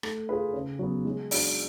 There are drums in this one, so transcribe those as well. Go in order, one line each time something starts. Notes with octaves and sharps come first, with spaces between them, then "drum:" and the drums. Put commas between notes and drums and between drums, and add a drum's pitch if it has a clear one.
A3, drum: rim click
F4 G#4 B4
C#3
F#3 B3
G#3
D4 F#4, drum: open hi-hat